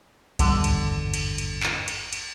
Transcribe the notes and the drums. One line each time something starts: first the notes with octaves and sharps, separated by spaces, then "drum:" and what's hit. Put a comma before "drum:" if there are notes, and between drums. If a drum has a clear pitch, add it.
G#1 E2 G2 D3, drum: kick C2, cymbal
drum: cymbal
drum: cymbal
drum: cymbal
drum: clap
drum: cymbal
drum: cymbal